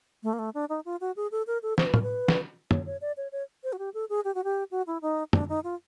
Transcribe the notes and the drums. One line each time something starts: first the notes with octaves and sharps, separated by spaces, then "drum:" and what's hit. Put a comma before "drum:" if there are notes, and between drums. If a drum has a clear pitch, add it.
A3
A#3
A3
D4
D#4
F4
F#4
G#4
A4
A#4
A4
C5, drum: snare
B4
A#4, drum: tom
B4
drum: snare
C#5, drum: tom
C#5
D5
C#5
C#5
C5
F#4
G4
A4
G#4
G4
F#4
G4
F#4
E4
D#4
D4, drum: tom
D#4
F4